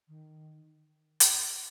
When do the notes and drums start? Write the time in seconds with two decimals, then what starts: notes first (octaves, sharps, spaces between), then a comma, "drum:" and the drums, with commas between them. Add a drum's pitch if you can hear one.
0.08 D#3
1.20 drum: hi-hat